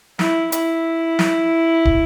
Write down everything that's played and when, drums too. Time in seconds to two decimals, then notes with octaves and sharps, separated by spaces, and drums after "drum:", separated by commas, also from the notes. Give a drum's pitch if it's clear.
0.19 E4, drum: snare
0.52 E4, drum: hi-hat
1.19 drum: snare
1.85 drum: kick